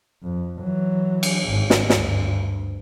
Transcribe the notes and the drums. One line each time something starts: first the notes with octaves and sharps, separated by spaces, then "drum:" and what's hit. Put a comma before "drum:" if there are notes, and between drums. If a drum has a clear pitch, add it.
F2
E3 F#3
drum: cymbal
G#1 G#2
drum: snare
D2 G2, drum: snare